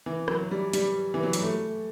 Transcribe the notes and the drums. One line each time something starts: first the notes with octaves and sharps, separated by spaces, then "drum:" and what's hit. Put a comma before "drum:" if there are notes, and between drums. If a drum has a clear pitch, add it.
E3
F#3, drum: rim click
G3
G3, drum: hi-hat
E3
F#3
G3, drum: hi-hat
A3